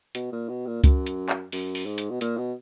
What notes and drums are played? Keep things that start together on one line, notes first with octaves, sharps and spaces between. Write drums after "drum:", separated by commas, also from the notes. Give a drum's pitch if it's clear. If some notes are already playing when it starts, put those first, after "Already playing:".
B2, drum: hi-hat
A#2
B2
A#2
F#2, drum: kick C#2, hi-hat
drum: hi-hat
drum: clap
F#2, drum: open hi-hat
drum: open hi-hat
G#2
drum: hi-hat
B2
A#2, drum: hi-hat
B2